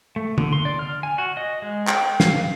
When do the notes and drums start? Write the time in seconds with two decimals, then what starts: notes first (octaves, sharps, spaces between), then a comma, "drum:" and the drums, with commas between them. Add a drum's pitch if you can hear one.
0.16 A3
0.38 D3, drum: tom
0.53 C6
0.65 D5
0.79 F6
1.03 G#5
1.18 F#4
1.37 D#5
1.62 G#3
1.87 G5, drum: clap
2.20 F5, drum: snare